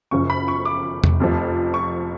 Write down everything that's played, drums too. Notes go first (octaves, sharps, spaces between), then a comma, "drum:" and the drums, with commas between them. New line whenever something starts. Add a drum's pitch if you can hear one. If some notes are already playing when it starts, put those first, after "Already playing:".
F#1 F#2 C#3 F3 C#6
B5
C#6
D6
drum: tom E2
F1 F2 F3
C#6